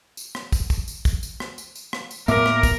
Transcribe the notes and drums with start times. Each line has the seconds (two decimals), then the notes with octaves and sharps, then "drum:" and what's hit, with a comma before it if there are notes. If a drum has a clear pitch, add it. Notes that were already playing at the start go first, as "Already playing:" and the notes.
0.17 drum: tambourine
0.35 drum: rim click
0.52 drum: kick, tambourine
0.70 drum: kick, tambourine
0.88 drum: tambourine
1.05 drum: kick, tambourine
1.23 drum: tambourine
1.40 drum: rim click
1.58 drum: tambourine
1.75 drum: tambourine
1.93 drum: rim click
2.11 drum: tambourine
2.28 A2 A#3 B3 A#4 E5 D6, drum: tambourine
2.46 drum: rim click
2.63 drum: kick, tambourine